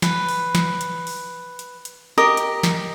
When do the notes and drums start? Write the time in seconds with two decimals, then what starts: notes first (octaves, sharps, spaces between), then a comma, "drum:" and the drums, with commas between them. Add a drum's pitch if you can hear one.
0.02 B4, drum: snare
0.29 drum: open hi-hat
0.55 drum: snare
0.81 drum: hi-hat
1.07 drum: open hi-hat
1.59 drum: hi-hat
1.85 drum: hi-hat
2.18 G4 A#4 D#5 D#6
2.37 drum: hi-hat
2.63 drum: snare